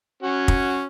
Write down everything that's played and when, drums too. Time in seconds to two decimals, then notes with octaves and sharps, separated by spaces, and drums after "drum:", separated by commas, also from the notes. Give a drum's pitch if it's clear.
0.23 C#4 F#4
0.48 drum: kick